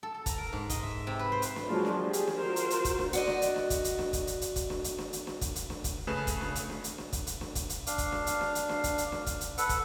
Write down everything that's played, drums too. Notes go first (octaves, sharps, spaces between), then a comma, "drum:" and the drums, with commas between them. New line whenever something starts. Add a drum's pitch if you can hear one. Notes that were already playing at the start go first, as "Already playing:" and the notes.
A4
A4
A#5, drum: kick, hi-hat
A#4
G#2
D#5, drum: kick, hi-hat
E5
C3
B4
C5
drum: hi-hat
drum: snare
F3 F#3 G#3 A#3 D4 F4
drum: snare
G4 G#4
drum: hi-hat
drum: snare
F4 F#4 A#4 C5
drum: hi-hat
drum: hi-hat
drum: kick, hi-hat
drum: snare
F#4 D5 D#5, drum: hi-hat
drum: snare
drum: hi-hat
drum: snare
drum: kick, hi-hat
drum: hi-hat
drum: snare
drum: kick, hi-hat
drum: hi-hat
drum: hi-hat
drum: kick, hi-hat
drum: snare
drum: hi-hat
drum: snare
drum: hi-hat
drum: snare
drum: kick, hi-hat
drum: hi-hat
drum: snare
drum: kick, hi-hat
C#3 A3 G#4 B4 E7
drum: kick, hi-hat
drum: snare
drum: hi-hat
drum: snare
drum: hi-hat
drum: snare
drum: kick, hi-hat
drum: hi-hat
drum: snare
drum: kick, hi-hat
drum: hi-hat
D4 F5, drum: hi-hat
drum: kick, hi-hat
drum: snare
drum: hi-hat
drum: snare
drum: hi-hat
drum: snare
drum: kick, hi-hat
drum: hi-hat
drum: snare
drum: kick, hi-hat
drum: hi-hat
A4 B4 F#5, drum: hi-hat
drum: kick, hi-hat